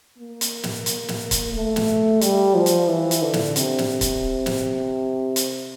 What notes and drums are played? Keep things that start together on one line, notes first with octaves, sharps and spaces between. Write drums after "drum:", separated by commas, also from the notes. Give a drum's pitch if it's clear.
A#3
drum: hi-hat
drum: snare
drum: hi-hat
drum: snare
drum: kick C#1, hi-hat
A3
drum: snare
G3, drum: hi-hat
F3
drum: hi-hat
E3
drum: hi-hat
D3
drum: snare
C3, drum: hi-hat
drum: snare
drum: kick C#1, hi-hat
drum: snare
drum: hi-hat